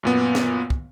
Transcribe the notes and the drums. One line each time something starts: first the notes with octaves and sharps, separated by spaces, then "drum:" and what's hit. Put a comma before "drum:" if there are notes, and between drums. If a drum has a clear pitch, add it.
F#2 A#2 B3
drum: snare
drum: kick